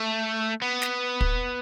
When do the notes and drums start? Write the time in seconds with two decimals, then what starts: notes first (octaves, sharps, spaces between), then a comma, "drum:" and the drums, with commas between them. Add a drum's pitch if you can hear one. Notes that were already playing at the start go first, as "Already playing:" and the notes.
Already playing: A3
0.62 B3
0.82 drum: snare
1.21 drum: kick